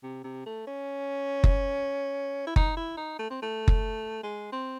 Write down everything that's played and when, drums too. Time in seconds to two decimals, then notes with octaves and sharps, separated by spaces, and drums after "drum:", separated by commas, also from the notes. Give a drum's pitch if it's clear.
0.03 C3
0.24 C3
0.46 A3
0.67 C#4
1.44 drum: kick F#1
2.47 E4
2.56 D#4, drum: kick F#1
2.77 E4
2.97 D#4
3.19 A3
3.30 C4
3.42 A3
3.68 drum: kick F#1
4.23 G#3
4.52 C4